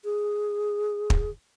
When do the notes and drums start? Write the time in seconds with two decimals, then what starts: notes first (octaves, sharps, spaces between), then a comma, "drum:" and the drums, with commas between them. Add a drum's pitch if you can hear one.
0.05 G#4
1.10 drum: kick